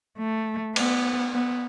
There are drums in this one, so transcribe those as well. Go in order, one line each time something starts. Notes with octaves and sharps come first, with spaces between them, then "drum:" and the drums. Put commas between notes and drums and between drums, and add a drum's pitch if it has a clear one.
A3
B3, drum: cymbal
B3